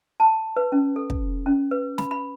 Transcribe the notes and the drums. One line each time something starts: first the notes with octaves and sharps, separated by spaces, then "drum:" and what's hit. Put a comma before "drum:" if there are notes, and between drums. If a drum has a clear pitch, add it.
A5
B4
C#4
A4
drum: kick
C#4
B4
B5, drum: snare
B5